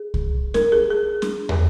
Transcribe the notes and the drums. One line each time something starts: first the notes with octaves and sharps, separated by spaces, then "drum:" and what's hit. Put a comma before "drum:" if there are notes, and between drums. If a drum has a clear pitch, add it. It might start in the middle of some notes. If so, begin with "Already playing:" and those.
Already playing: G#4
drum: kick C2
A#4, drum: snare
G#4
G#4
drum: snare
drum: tom